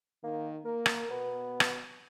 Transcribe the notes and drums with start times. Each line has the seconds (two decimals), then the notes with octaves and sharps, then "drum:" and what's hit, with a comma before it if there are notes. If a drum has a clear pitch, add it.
0.24 D#3 A#3
0.65 A#3 A#4
0.86 drum: rim click
1.10 B2 B3
1.60 drum: rim click